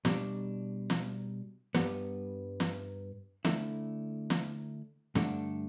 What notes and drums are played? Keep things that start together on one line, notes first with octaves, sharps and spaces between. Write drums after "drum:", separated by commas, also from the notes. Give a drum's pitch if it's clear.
B2 G3 D4, drum: snare
drum: snare
G2 G3 B3, drum: snare
drum: snare
D3 A3 E4, drum: snare
drum: snare
G2 D3 A3 D4, drum: snare